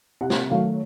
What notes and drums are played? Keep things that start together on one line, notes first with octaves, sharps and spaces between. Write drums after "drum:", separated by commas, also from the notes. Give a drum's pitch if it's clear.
C3 F#5
drum: snare
D#3 F#3 A3 F5